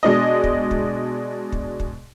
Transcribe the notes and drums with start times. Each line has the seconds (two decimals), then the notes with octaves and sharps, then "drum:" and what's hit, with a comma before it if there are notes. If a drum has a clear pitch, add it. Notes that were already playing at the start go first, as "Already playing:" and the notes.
0.03 B2 G#3 D4 D#5
0.44 drum: kick
0.71 drum: kick
1.52 drum: kick
1.80 drum: kick